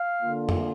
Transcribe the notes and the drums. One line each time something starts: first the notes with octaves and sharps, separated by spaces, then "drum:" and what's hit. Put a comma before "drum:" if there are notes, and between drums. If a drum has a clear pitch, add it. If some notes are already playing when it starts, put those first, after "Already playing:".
Already playing: F5
D3 A#3 F4
drum: tom F2